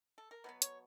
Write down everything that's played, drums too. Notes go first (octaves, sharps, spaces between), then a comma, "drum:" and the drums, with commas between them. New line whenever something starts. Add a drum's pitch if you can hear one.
A4
A#4
B2 F#3 B3 B4
C#5, drum: hi-hat